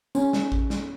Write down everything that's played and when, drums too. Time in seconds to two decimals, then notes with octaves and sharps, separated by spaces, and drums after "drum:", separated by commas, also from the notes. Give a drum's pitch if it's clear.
0.15 C#4, drum: tambourine
0.33 drum: snare
0.52 drum: kick A1
0.70 drum: snare